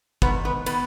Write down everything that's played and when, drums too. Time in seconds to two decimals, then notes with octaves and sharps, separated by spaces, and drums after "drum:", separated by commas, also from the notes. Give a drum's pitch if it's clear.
0.22 G#2 D#3 B3 B4, drum: kick
0.45 B3 B4
0.66 D#3 B3 B4, drum: cymbal